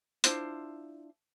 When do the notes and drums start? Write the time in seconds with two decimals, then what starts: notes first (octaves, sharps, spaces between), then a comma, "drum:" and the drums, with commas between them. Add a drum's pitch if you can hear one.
0.24 D4 E4 F4 C5, drum: hi-hat